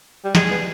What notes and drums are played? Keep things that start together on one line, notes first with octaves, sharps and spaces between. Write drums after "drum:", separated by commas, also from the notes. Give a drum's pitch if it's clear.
G3
G#3 G#4, drum: snare
B3